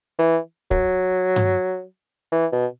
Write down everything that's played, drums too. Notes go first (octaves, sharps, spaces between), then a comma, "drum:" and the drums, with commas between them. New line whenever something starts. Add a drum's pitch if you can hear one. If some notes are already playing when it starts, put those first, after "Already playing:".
E3
F#3, drum: kick
drum: tom G2
E3
B2